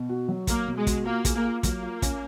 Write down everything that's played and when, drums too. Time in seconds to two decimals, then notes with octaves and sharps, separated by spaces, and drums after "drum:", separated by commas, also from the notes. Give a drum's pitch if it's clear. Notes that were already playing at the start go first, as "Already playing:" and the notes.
Already playing: B2
0.09 F#4
0.28 F#3
0.47 A#3 F#4, drum: kick, hi-hat
0.67 B2
0.76 G#3
0.87 F#4, drum: kick, hi-hat
1.05 A#3 F4
1.25 G#4, drum: kick, hi-hat
1.35 A#3
1.44 F4
1.63 F#3 A#3, drum: kick, hi-hat
1.82 F4
2.02 C#4, drum: kick, hi-hat